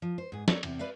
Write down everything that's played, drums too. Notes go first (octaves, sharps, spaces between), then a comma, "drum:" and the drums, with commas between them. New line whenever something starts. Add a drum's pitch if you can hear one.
F3
C5
G#2 G#4
D#4 A4 A#4 C#5 D5, drum: snare
E2 C3, drum: cymbal
B4 D5 E5 F5